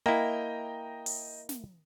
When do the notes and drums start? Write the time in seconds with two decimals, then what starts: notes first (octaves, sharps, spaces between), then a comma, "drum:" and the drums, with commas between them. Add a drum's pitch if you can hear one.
0.06 A#3 E4 D#5 G5 A#5
1.06 drum: open hi-hat
1.49 drum: snare